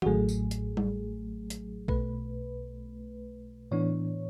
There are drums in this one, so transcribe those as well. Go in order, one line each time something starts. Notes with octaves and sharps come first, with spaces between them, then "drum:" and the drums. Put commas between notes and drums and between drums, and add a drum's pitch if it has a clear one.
F#4, drum: tom D#3
A1 A2 F#3 A3 G#4
drum: tambourine
drum: hi-hat
drum: tom G3
drum: hi-hat
B1 B2 A3 B4, drum: kick A#1
A2 E3 B3 D4 C#5